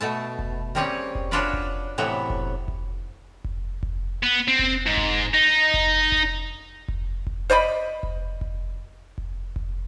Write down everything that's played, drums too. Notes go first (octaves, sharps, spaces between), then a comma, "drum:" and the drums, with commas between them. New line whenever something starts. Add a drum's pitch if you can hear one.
B2 A3 A5
drum: kick F1
G3 A#3 C4 C#4 G#4 C#5
drum: kick F1
C#4 D4 F4 F#4 B4 D5
drum: kick F1
A2 C3 E3 F#3 B3 E5
drum: kick F1
drum: kick F1
drum: kick F1
drum: kick F1
B3
C4
drum: kick F1
G#2
drum: kick F1
D#4
drum: kick F1
drum: kick F1
drum: kick F1
drum: kick F1
C5 D5 D#5 B5
drum: kick F1
drum: kick F1
drum: kick F1
drum: kick F1